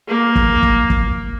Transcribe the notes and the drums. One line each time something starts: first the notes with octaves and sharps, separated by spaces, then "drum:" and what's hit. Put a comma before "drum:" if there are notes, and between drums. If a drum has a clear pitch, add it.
A#3
drum: kick
drum: kick
drum: kick